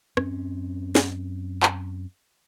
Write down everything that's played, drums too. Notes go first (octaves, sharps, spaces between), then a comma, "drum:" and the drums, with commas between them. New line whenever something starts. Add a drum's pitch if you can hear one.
F#2 C4 C#4, drum: rim click
drum: snare
drum: clap